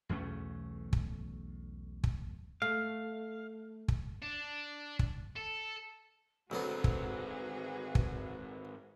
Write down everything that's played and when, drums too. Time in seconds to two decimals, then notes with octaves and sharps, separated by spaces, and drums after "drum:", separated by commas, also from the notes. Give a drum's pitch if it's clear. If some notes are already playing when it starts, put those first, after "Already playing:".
0.09 B1 E2 A3 C#4
0.93 drum: kick
2.04 drum: kick
2.62 A3 F5
3.88 drum: kick
4.22 D4
4.99 drum: kick
5.36 A4
6.51 D2 G#2 F#3 B3 C4 F#4 G#4 B4
6.84 drum: kick
7.95 drum: kick